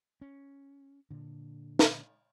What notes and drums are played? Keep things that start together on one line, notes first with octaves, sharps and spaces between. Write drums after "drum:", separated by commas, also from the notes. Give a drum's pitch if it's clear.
C#4
A#2 D3
drum: snare